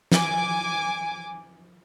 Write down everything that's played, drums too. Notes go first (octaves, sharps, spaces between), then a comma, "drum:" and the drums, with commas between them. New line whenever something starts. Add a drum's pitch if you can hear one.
G#5 D6, drum: snare